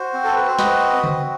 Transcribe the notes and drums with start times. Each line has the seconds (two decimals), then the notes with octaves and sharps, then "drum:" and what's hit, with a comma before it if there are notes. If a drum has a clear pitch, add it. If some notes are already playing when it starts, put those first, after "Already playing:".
Already playing: F#4 C5
0.13 C4
0.24 A4
0.36 B4
0.47 C5
0.59 F#4 B4 D#5, drum: snare
1.04 C4, drum: tom C#3